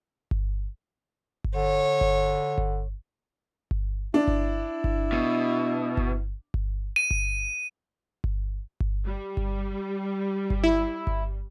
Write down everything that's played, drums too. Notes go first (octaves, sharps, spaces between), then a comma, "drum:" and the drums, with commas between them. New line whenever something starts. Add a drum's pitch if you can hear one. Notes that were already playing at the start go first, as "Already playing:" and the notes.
drum: kick G1
drum: kick G1
D3 C#5
drum: kick G1
drum: kick G1
drum: kick G1
D4 E4
drum: kick G1
drum: kick G1
B2
drum: kick G1
drum: kick G1
D#7
drum: kick G1
drum: kick G1
drum: kick G1
G3
drum: kick G1
drum: kick G1
E4
drum: kick G1